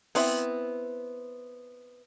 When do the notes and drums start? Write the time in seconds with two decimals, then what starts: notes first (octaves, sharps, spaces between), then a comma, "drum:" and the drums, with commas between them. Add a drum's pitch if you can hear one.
0.15 B3 C4 E4, drum: open hi-hat